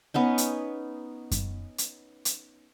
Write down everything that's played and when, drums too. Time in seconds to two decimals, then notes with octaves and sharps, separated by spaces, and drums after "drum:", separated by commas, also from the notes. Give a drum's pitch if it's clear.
0.14 B3 C#4 D#4
0.38 drum: hi-hat
1.31 drum: kick F#2, hi-hat
1.78 drum: hi-hat
2.25 drum: hi-hat